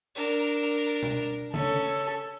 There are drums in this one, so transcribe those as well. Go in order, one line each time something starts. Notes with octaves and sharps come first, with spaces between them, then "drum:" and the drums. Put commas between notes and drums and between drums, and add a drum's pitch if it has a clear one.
D4 A#4
drum: tom B2
C#4 A4, drum: tom C#3